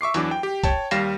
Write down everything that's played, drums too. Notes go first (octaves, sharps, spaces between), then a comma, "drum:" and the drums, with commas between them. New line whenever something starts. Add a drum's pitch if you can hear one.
E5 C#6 D6 C7
E2 E3 F#3 D4 D6, drum: hi-hat
G5
G4
C#5 G5 A5, drum: kick, hi-hat
D#2 G3 F5 A#6 C7 E7, drum: hi-hat